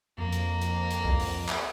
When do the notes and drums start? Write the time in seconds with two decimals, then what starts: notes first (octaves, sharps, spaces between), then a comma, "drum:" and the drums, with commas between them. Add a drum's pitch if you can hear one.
0.18 F2 A#3
0.32 drum: hi-hat
0.61 drum: hi-hat
0.91 drum: hi-hat
1.05 drum: kick C2
1.20 drum: open hi-hat
1.49 drum: clap